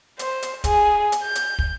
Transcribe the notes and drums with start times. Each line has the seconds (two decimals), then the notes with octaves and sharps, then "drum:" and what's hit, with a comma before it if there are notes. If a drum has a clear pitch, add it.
0.19 C5, drum: hi-hat
0.42 drum: hi-hat
0.64 G#4, drum: kick, hi-hat
1.12 drum: hi-hat
1.23 G6
1.35 drum: hi-hat
1.59 drum: kick